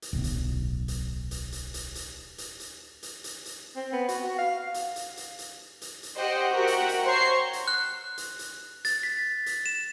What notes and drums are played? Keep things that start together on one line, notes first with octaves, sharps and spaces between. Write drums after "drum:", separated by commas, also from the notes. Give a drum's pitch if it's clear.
drum: hi-hat
D1 B1
drum: hi-hat
drum: hi-hat
drum: hi-hat
drum: hi-hat
drum: hi-hat
drum: hi-hat
drum: hi-hat
drum: hi-hat
drum: hi-hat
drum: hi-hat
drum: hi-hat
C4
B3
F#4, drum: hi-hat
F#4
F5
drum: hi-hat
drum: hi-hat
drum: hi-hat
drum: hi-hat
drum: hi-hat
drum: hi-hat
G4 C5 D#5 F#5 G5
F#4 A#4 E5 F#5 G5
drum: hi-hat
drum: hi-hat
C5 C#5 A#5 C6 C#6 C7
drum: hi-hat
F#6
drum: hi-hat
drum: hi-hat
A6, drum: hi-hat
B6
drum: hi-hat
E7